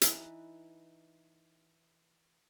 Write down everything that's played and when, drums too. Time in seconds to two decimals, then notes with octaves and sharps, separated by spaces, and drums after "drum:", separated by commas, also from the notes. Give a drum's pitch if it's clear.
0.01 E3 D#4 B4, drum: hi-hat